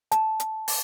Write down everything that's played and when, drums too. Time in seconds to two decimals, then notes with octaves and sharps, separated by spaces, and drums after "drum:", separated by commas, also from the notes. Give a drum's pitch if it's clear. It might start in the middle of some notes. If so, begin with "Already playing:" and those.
0.12 A5, drum: hi-hat
0.40 drum: hi-hat
0.68 drum: open hi-hat